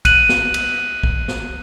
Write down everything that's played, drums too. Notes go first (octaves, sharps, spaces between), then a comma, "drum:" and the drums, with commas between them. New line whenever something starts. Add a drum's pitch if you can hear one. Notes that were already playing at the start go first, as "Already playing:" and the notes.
F#6 D#7 F#7, drum: kick, cymbal
drum: snare
drum: cymbal
drum: kick
drum: snare